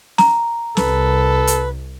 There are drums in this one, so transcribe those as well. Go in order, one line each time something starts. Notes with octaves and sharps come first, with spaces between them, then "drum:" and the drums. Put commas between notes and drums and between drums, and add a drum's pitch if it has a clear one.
A#5, drum: snare
C2 A4 B4, drum: snare
drum: hi-hat